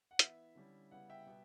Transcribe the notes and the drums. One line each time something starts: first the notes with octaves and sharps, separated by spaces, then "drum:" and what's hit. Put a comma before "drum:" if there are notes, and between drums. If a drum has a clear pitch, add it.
F#5
E3 B3 E4 E5, drum: hi-hat
D3 G3 C#4 E4
C#3 G3 B3 E4 F#5
E5 G5
B2 G3 B3